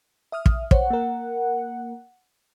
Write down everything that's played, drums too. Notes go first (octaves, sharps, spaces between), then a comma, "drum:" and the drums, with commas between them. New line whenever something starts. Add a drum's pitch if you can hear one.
E5 D#6 F6
drum: kick
C5 C#5 F#5, drum: kick
A#3 A#4